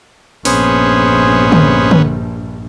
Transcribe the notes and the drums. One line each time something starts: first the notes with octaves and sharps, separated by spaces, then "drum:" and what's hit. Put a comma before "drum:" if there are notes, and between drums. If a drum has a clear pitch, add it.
A#1 G2 B3 C#4 G#4 C5, drum: open hi-hat
drum: tom D3
drum: tom D3